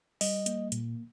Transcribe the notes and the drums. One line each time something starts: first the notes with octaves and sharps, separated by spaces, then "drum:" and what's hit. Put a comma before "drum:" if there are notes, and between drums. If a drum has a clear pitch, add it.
G3 D#5, drum: open hi-hat
A#3, drum: hi-hat
A#2, drum: hi-hat